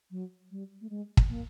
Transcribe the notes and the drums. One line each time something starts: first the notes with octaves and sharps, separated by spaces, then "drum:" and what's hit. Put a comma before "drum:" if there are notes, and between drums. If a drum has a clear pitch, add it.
F#3
G3
A3
G#3
drum: kick
A#3